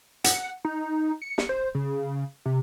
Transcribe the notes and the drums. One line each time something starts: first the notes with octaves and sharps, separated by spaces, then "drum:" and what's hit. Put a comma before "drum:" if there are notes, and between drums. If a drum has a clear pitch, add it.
F#5, drum: hi-hat
D#4
C#7
drum: snare
C5
C#3
C3